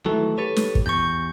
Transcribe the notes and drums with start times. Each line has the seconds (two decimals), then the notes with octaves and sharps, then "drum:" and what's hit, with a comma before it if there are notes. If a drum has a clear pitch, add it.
0.06 D#3 E3 F#3 A3 E4 A4
0.38 G4 A4 B4 C#5
0.56 drum: snare
0.75 drum: kick
0.86 E2 C#6 G6